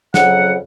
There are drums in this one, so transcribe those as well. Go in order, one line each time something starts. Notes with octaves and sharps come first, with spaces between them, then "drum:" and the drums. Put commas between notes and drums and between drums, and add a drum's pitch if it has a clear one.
F2 C#3 F#3 F#5, drum: snare